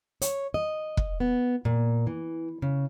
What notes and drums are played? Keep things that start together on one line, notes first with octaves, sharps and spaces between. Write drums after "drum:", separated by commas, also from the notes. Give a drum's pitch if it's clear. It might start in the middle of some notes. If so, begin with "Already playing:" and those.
C#5, drum: hi-hat
D#5
drum: kick
B3
A#2
E3
C#3